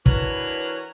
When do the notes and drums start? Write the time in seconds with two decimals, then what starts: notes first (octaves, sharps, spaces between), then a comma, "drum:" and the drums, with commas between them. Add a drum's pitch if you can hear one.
0.06 E3 D4 F#4 A#4 B4 C#5, drum: kick